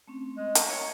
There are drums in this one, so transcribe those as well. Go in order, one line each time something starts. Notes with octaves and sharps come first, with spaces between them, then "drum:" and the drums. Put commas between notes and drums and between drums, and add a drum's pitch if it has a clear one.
A3 C4 C#4
G#3
D#5 A#5 C#6, drum: hi-hat
C#5